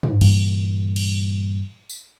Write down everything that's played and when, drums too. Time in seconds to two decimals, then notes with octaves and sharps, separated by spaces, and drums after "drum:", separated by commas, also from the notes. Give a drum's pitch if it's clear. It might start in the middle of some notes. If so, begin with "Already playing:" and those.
0.03 drum: tom G2
0.21 G2 A#2 E3 G3, drum: cymbal
0.96 drum: cymbal
1.89 drum: tambourine